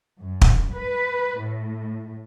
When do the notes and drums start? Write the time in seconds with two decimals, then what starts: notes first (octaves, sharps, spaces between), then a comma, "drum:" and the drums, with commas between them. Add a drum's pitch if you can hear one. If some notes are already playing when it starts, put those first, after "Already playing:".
0.19 F#2
0.41 drum: kick
0.73 B4
1.39 A2